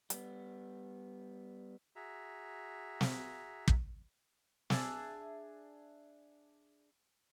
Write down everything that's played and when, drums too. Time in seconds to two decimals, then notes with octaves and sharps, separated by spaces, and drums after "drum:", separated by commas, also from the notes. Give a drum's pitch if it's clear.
0.10 G3 B3, drum: hi-hat
1.96 F#4 G#4 E5 A#5
3.01 drum: snare
3.68 drum: kick
4.70 D4 G#4 E5 A5, drum: snare